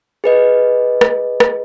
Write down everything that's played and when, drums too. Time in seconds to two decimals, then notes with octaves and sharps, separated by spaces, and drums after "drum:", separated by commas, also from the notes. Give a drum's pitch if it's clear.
0.24 G#4 B4 D#5
1.01 drum: rim click
1.40 drum: rim click